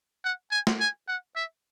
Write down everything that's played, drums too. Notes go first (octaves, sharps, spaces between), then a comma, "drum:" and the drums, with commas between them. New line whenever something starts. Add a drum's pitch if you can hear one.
F#5
G#5
drum: snare
G#5
F#5
E5